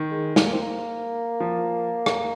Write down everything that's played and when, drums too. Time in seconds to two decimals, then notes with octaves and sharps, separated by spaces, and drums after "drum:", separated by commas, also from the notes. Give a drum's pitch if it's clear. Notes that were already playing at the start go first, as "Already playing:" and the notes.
Already playing: D#3
0.11 G#3
0.36 A#3, drum: snare
0.52 C4
0.62 A#3
1.40 F3
2.06 drum: rim click